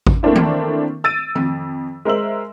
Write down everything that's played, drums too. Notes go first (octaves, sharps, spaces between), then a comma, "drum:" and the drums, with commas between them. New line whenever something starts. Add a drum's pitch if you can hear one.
drum: kick G#1
A3 A#3 C4 D4 E4
drum: tom D#3
E6 A6 D7 D#7
F2, drum: tom D#3
G#3 A#4 C5 E5 E6 F#7